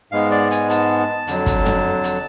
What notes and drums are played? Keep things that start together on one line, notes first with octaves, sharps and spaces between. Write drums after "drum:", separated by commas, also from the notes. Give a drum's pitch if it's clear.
G#2 G#3 B3 F5
D5
G#5, drum: hi-hat
A5, drum: hi-hat
F2 D3 F#3, drum: hi-hat
drum: kick, hi-hat
drum: tom
drum: hi-hat